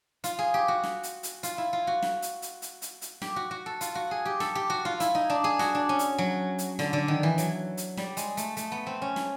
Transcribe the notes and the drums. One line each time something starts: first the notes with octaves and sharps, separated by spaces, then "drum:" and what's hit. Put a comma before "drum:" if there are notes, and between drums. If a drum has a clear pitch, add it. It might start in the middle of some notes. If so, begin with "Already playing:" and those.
F4, drum: hi-hat
G#4
G4
F#4
drum: snare
drum: hi-hat
drum: hi-hat
F4, drum: hi-hat
E4
F4
F#4
drum: snare
drum: hi-hat
drum: hi-hat
drum: hi-hat
drum: hi-hat
drum: hi-hat
G4, drum: snare
F#4
F#4
A4
F4, drum: hi-hat
F#4
G#4
G4
A4, drum: snare
G4
F#4
F4
E4, drum: hi-hat
D#4
D4
G#4
F#4, drum: snare
D4
C#4
drum: hi-hat
F#3
drum: hi-hat
D3, drum: snare
D3
D#3
E3
F#3, drum: hi-hat
drum: hi-hat
G3, drum: snare
G#3, drum: hi-hat
A3, drum: hi-hat
A3, drum: hi-hat
B3
C4
C#4
drum: snare